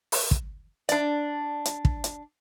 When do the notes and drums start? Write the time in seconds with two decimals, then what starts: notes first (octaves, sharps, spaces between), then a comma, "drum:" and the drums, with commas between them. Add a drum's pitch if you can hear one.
0.12 drum: open hi-hat
0.31 drum: kick
0.89 D4 D5, drum: hi-hat
1.65 drum: hi-hat
1.85 drum: kick
2.04 drum: hi-hat